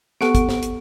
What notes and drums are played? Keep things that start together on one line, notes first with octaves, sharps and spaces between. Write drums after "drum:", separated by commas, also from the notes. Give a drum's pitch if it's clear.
B3 G4 A4 F#5 C#6 D7, drum: snare
drum: kick, hi-hat
drum: snare
drum: hi-hat